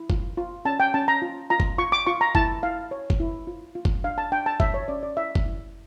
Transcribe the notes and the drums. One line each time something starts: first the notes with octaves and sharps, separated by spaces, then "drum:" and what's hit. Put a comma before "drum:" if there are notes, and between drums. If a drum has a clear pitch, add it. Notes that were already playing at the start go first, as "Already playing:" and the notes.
Already playing: E4
F4, drum: kick F#1
F4
C#4 A5
G5
C#4 A5
A#5
F4
F4 A#5
drum: kick F#1
F4 C#6
D6
F4 C#6
A#5
E4 A5, drum: kick F#1
E4 F5
C#5
drum: kick F#1
E4
F4
F4
drum: kick F#1
D4 F5
A5
D4 G5
A5
C#5 E5, drum: kick F#1
C#5
C#4 D5
D5
E4 E5
drum: kick F#1
E4